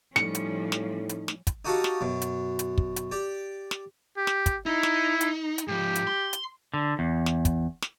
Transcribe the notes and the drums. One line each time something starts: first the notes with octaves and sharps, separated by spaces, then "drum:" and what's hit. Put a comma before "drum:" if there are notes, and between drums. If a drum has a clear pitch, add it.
A2 F3 G3 A3 C#4 D#4 C#7, drum: snare
drum: hi-hat
drum: snare
drum: hi-hat
drum: snare
drum: kick, hi-hat
D#4 F#4 G4 A4 D#5 F5
drum: snare
F#2 B2
drum: hi-hat
drum: hi-hat
drum: kick
drum: hi-hat
G4 D5
drum: snare
G4
drum: snare
drum: kick, hi-hat
D#4 E4
drum: snare
drum: hi-hat
drum: hi-hat
G#2 F3 G4
drum: hi-hat
C6
drum: hi-hat
D3
E2
drum: snare
drum: kick, hi-hat
drum: snare